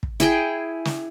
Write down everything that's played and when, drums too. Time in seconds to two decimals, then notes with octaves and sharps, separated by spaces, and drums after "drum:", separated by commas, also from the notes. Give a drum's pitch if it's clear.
0.03 drum: kick
0.20 E4 G#4 G5, drum: hi-hat
0.85 drum: snare